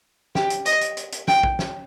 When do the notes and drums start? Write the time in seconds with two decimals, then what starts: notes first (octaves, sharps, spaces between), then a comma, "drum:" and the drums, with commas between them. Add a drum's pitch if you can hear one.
0.35 G4, drum: snare
0.50 drum: hi-hat
0.66 D#5, drum: hi-hat
0.81 drum: hi-hat
0.97 drum: hi-hat
1.12 drum: hi-hat
1.28 G5, drum: snare
1.43 drum: kick A#1
1.59 drum: snare